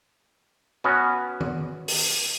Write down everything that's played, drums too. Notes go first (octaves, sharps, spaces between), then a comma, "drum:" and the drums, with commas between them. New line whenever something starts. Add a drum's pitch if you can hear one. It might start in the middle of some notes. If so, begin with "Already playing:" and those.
B3 C#4 F#4
drum: tom D#3
drum: open hi-hat